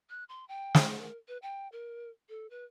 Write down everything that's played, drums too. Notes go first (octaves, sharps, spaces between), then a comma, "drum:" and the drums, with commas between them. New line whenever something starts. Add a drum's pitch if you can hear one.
F#6
C6
G5
drum: snare
A#4
B4
G5
A#4
A4
B4